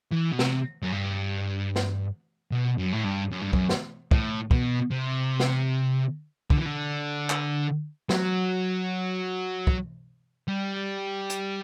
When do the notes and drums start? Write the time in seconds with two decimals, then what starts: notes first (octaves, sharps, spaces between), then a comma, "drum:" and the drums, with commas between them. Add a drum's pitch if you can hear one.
0.12 E3
0.33 B2
0.39 C3, drum: snare
0.82 F#2
0.93 G2
1.76 drum: snare
2.51 B2
2.78 F#2
2.93 A2
3.04 G2
3.31 F#2
3.42 G2
3.53 F#2, drum: kick
3.69 drum: snare
4.11 A2, drum: kick
4.51 B2, drum: kick
4.91 C3
5.40 drum: snare
6.50 D3, drum: kick
6.57 E3
6.65 D3
7.30 drum: clap
8.09 F#3, drum: snare
9.67 drum: kick
10.48 G3
11.30 drum: hi-hat